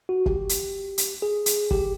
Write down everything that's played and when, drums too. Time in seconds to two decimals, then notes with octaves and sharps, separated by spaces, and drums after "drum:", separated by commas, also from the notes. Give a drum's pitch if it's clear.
0.09 F#4
0.26 G4, drum: kick
0.49 drum: hi-hat
0.98 drum: hi-hat
1.22 G#4
1.46 drum: hi-hat
1.71 G4, drum: kick